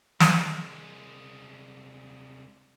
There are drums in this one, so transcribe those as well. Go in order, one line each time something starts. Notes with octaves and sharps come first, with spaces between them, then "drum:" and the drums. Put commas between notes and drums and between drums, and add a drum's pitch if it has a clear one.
C2 G#3, drum: snare